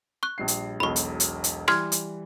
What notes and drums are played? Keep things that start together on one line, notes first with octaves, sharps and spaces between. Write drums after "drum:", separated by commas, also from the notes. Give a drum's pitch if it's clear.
C#6 F#6
A#1 G3 C7
drum: hi-hat
E1 B1 B5 C#6
drum: hi-hat
drum: hi-hat
drum: hi-hat
E3 G3 C6 F6 G#6, drum: rim click
drum: hi-hat